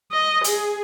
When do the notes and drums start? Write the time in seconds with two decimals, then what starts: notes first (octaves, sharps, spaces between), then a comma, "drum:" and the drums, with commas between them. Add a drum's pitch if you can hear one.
0.11 D#5
0.44 G#4, drum: hi-hat